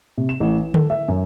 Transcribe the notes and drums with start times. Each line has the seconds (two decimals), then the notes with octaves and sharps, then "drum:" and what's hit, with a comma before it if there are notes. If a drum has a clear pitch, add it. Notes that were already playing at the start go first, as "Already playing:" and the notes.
0.18 C3
0.29 E7
0.40 A1
0.58 E3
0.74 A4, drum: tom D3
0.90 E5
1.08 F#2